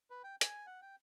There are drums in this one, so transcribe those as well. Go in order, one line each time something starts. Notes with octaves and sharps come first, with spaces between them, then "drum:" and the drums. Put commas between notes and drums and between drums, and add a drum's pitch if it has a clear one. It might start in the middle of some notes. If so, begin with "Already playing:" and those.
B4
G5
G#5, drum: hi-hat
F#5
G5